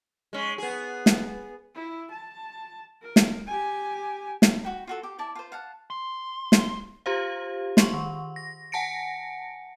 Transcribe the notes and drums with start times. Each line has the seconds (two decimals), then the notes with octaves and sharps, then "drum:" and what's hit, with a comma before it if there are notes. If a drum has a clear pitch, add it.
0.33 G#3 C#4
0.58 B3 G#4
1.06 drum: snare
1.74 E4
2.11 A5
3.02 A#4
3.16 drum: snare
3.47 G4 G#5
4.42 drum: snare
4.63 F#4 G5 B5
4.87 F4 F#4 A4
5.03 G4
5.19 E4 D5 A5
5.35 F4 C5
5.52 F5 F#5 A5
5.90 C6
6.52 drum: snare
7.06 F4 G4 C5 F5
7.77 C6 C#6, drum: snare
7.94 D#3
8.36 A#6
8.72 F#5 G#5 A5 A#6 C#7 D7